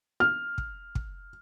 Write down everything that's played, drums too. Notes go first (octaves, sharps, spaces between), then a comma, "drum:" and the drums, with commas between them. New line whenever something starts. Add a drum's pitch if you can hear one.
F6
drum: kick
drum: kick